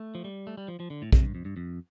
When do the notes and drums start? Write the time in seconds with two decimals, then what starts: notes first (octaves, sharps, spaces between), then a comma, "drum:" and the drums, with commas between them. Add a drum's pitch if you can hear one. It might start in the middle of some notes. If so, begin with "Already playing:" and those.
Already playing: A3
0.15 F3
0.24 G3
0.47 A3
0.57 G3
0.68 F3
0.80 F3
0.90 D3
1.02 A2
1.12 C3, drum: kick A#1
1.23 G2
1.35 F2
1.45 G2
1.57 F2